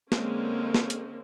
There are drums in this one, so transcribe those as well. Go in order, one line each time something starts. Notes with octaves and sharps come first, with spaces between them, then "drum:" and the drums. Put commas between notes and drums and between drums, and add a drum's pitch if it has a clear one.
D3 G#3 A#3 C4 C#4, drum: snare
drum: snare
drum: hi-hat